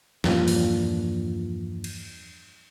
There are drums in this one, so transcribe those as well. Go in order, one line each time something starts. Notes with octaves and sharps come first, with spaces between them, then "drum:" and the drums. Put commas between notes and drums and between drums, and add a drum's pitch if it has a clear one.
E2 G2 A#2 F3, drum: snare
drum: open hi-hat
drum: cymbal